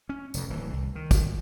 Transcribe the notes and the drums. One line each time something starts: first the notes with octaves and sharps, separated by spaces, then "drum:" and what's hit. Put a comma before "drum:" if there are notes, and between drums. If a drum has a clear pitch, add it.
C#4
F1 F2, drum: tambourine
D1 E3
C2
D#3
drum: kick, tambourine